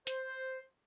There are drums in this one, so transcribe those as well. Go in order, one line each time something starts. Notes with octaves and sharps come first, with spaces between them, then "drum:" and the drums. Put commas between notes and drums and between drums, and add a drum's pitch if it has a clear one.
C5, drum: hi-hat